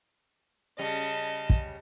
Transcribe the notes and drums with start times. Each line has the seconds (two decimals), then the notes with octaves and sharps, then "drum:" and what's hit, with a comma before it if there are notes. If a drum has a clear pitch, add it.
0.79 C#3 G3 D#5 A5
1.50 drum: kick